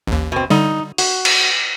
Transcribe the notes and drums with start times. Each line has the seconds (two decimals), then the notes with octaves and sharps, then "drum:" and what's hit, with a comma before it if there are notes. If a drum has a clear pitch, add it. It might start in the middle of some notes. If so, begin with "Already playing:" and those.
0.07 A1 D#2
0.32 B2 C4
0.50 D3 G3 D#4
0.98 F#4, drum: open hi-hat
1.25 drum: cymbal